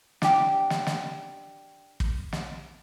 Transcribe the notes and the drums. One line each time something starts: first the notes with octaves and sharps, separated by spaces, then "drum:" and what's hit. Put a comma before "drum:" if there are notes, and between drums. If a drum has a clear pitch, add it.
D4 G4, drum: snare
drum: snare
drum: snare
drum: kick
drum: snare